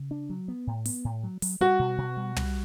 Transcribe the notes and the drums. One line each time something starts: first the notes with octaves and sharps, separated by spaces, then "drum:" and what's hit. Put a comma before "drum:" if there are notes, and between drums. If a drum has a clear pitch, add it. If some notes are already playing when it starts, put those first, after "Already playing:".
Already playing: C#3
D4
F#3
B3
A2
B3, drum: open hi-hat
A2
F#3
F#3, drum: open hi-hat
G3 F#4
B2
B2
G3
G3, drum: tom